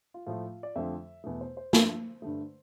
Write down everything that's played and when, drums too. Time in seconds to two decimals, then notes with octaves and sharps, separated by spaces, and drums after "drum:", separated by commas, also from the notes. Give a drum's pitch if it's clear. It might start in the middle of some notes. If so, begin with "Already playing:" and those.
0.14 F4
0.26 A2 F3 A3 F4
0.63 D5
0.76 F2 D3 F3 A3 E5
1.24 E2 B2 A3
1.41 C5
1.57 C5
1.73 G2 F3 A3, drum: snare A#3
2.22 G2 D3 A3